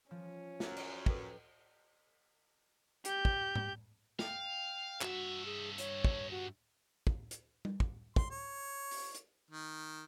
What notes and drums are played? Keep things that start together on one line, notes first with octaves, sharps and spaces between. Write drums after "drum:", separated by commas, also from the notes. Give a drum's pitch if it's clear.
F3 C#4
F#2 C5, drum: snare
drum: cymbal
A4 B4 G5, drum: kick
G4 G6, drum: hi-hat
drum: kick
drum: tom G#2
F5 G5, drum: snare
G2 F#4 E5, drum: clap
G#4
C#5, drum: hi-hat
drum: kick
F#4
drum: kick
drum: hi-hat
drum: tom G3
drum: kick
C6, drum: kick
C#5
drum: open hi-hat
drum: hi-hat
D#3